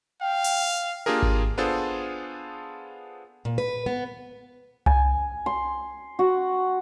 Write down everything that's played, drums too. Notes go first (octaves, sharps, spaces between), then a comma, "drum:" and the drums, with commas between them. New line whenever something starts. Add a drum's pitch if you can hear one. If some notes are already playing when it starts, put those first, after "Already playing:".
F5 G5
drum: open hi-hat
A#3 D4 F4 G4 G#4 A#4
drum: kick G#1
B3 D4 F4 G#4 A4 C5
A#2
B4
B3
G#5, drum: tom C2
C6
F#4